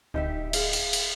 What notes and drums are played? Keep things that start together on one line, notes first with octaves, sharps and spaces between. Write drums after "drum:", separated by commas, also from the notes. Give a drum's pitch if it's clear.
D1 D#4 G4 E5
G#4 F5, drum: cymbal
drum: cymbal
drum: cymbal